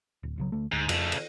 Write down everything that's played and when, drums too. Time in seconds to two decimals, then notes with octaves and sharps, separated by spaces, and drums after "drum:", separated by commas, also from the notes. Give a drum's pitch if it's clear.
0.23 D1
0.38 C2 C#3 F#3
0.52 D2 A3
0.72 D2 G#2
0.89 F2 C#3 A3, drum: cymbal
1.12 drum: cymbal